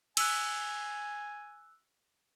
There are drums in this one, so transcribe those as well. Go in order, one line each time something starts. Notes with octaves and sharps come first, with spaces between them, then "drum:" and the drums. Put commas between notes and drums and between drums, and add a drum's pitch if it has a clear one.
G#5 E6 F#6, drum: cymbal